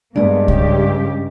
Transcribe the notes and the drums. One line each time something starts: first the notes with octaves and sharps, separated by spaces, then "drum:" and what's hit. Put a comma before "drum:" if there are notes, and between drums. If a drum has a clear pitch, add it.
G2 G#3 A#3 B3 D4 D5
C#3 G4, drum: kick B1